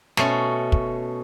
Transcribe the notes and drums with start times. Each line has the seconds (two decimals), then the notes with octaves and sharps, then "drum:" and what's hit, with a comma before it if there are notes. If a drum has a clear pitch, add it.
0.17 B2 A3 C#4 C6, drum: snare
0.72 drum: kick